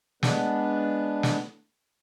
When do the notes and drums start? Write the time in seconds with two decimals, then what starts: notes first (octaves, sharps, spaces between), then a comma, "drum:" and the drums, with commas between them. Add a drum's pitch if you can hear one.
0.23 G#3 B3 D4 B4, drum: snare
1.23 drum: snare